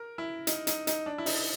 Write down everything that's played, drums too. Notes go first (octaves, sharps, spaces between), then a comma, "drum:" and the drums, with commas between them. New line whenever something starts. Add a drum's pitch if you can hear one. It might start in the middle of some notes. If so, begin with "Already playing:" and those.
Already playing: A#4
E4
D#4, drum: hi-hat
D#4, drum: hi-hat
D#4, drum: hi-hat
D4
E4
D#4, drum: open hi-hat